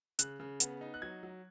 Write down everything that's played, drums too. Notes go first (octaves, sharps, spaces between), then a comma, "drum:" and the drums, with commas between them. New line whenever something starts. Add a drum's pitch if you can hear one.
C#3 F#6, drum: hi-hat
C#3
B3, drum: hi-hat
D#4
F#6
F#3 G#6
F#3